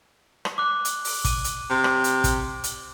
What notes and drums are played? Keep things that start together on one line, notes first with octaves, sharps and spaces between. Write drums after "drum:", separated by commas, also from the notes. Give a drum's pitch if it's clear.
drum: rim click
D6 F#6
drum: hi-hat
drum: open hi-hat
D6 D#7, drum: kick, hi-hat
drum: hi-hat
C3
drum: rim click
drum: hi-hat
drum: kick, hi-hat
drum: hi-hat